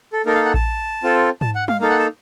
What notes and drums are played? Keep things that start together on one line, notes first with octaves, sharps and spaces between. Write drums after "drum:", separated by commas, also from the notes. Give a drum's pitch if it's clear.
A4
A#3 D#4 A4 A#4
F5
F#5
A5, drum: kick A1
C4 F4 A4
A5, drum: tom G#2
F#5
F5, drum: tom G3
A#3 D#4 A4 F5
F#5
A5